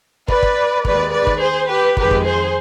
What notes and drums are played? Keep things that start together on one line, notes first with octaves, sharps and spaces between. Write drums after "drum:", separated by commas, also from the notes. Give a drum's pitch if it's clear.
B4 D5, drum: kick
drum: kick
D#2 D#3 G#3 B4 D5, drum: kick
B4 D5
drum: kick
G#4 C5
G4 B4
F2 D#3 G#3 G4 B4, drum: kick
drum: kick
G#4 C5